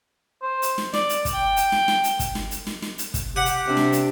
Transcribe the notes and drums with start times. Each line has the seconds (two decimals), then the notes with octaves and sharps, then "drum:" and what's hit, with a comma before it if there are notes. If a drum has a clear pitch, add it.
0.42 C5
0.62 drum: hi-hat
0.78 drum: snare
0.94 D5, drum: snare
1.09 drum: hi-hat
1.25 drum: kick, hi-hat
1.34 G5
1.56 drum: hi-hat
1.72 drum: snare
1.88 drum: snare
2.04 drum: hi-hat
2.19 drum: kick, hi-hat
2.35 drum: snare
2.51 drum: hi-hat
2.67 drum: snare
2.82 drum: snare
2.98 drum: hi-hat
3.14 drum: kick, hi-hat
3.36 G4 F#5
3.45 drum: hi-hat
3.68 C3 D4
3.77 drum: snare
3.92 drum: hi-hat